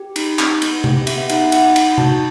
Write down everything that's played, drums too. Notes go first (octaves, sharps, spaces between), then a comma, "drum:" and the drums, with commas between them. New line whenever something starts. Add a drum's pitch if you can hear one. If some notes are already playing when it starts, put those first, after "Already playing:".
Already playing: G4
D#4, drum: cymbal
D#4, drum: clap
B3, drum: cymbal
G4, drum: tom C3
B3 E5, drum: cymbal
E5
D#4 F#5, drum: cymbal
D#4 F#5, drum: cymbal
D#4, drum: cymbal
F#4 A5, drum: tom C3